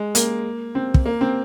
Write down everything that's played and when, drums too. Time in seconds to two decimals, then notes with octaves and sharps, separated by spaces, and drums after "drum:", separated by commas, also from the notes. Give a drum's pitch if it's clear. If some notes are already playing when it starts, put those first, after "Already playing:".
Already playing: G#3
0.15 A#3, drum: hi-hat
0.75 C4
0.94 drum: kick
1.05 A#3
1.21 C4